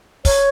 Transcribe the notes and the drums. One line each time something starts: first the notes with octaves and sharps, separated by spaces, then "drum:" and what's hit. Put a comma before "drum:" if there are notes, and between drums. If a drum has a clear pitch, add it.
C#5, drum: kick, open hi-hat